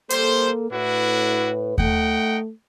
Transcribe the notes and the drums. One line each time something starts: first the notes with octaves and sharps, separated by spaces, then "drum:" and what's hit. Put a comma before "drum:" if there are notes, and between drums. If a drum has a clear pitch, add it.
G3 A#3 A4 C5, drum: hi-hat
A2 D4 E4 F#4 B4
A3 D#4 F#5 G5, drum: kick D#2